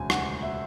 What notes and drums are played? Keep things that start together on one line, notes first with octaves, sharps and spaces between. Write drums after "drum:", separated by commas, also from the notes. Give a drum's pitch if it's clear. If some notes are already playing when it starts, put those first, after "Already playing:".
Already playing: E1 D2 C#3 G#5
F#5, drum: rim click
E5